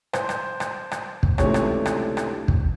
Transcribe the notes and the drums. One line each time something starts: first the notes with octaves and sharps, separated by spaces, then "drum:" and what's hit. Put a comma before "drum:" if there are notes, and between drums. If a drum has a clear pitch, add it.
C5, drum: rim click
drum: rim click
drum: rim click
drum: rim click
drum: kick
C#2 C3 E3 A3 D4 C#5, drum: rim click
drum: rim click
drum: rim click
drum: rim click
drum: kick